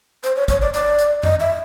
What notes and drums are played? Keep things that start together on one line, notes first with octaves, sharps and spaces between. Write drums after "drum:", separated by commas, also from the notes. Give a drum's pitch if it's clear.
C5, drum: hi-hat
C#5
C#5, drum: kick, hi-hat
D5
D5, drum: hi-hat
drum: hi-hat
D#5, drum: tom F2
E5